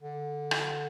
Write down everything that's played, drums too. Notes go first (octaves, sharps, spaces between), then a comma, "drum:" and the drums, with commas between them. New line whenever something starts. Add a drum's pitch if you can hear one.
D3
drum: rim click